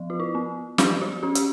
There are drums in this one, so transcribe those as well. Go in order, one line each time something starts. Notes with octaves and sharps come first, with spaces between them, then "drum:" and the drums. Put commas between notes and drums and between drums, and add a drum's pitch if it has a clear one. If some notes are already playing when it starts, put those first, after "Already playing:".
Already playing: F3
F4
E4
B3
F3 G4, drum: snare
F#4
C#4 F#4
G4, drum: hi-hat